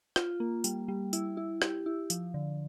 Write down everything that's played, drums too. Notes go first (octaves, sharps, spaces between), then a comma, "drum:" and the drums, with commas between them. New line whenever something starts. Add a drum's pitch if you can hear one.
F4, drum: rim click
A#3
G3, drum: tambourine
G3
E4, drum: tambourine
E4
G4, drum: rim click
E4
F3, drum: tambourine
D3